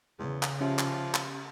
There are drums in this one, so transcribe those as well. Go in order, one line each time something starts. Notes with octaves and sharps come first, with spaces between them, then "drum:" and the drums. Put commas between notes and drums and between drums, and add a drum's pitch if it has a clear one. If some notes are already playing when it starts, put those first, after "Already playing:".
E2 C#3
drum: clap
F3 C#4 G4 E5
drum: clap
drum: clap